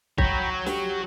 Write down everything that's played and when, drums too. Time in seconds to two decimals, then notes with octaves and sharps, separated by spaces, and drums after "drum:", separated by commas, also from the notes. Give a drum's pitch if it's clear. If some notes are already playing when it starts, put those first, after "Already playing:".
0.18 F#4 C#5 G5 A#5 B5, drum: kick C2
0.66 G4, drum: snare